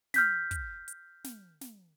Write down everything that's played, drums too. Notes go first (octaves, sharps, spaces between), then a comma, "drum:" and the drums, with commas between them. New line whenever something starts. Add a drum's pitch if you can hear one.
F6 G6 B6, drum: snare
drum: kick, hi-hat
drum: hi-hat
drum: snare
drum: snare